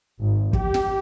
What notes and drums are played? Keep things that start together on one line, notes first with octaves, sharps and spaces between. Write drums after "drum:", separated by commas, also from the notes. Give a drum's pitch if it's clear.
G#1
G4, drum: kick
drum: snare